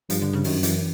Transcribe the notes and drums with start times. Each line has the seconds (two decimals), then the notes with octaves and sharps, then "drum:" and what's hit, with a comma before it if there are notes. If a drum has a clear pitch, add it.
0.10 G2 F3, drum: hi-hat
0.22 D3
0.33 C#3
0.44 F#2 D#3, drum: open hi-hat
0.63 E3, drum: hi-hat